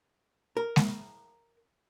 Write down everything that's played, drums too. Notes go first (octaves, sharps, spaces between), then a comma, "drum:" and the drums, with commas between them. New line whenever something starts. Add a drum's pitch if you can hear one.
A#4
drum: snare G#3